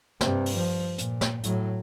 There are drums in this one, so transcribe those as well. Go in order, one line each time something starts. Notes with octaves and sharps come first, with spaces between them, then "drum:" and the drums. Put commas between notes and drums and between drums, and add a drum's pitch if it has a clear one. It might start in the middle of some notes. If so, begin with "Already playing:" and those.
G2 C3, drum: snare
drum: open hi-hat
F3
A#2, drum: hi-hat
drum: snare
A2 F#3, drum: hi-hat